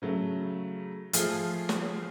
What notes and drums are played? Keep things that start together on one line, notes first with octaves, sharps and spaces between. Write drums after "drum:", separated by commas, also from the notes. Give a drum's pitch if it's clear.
C#3 F#3 A3
F3 A3 F4 G#4, drum: hi-hat
drum: snare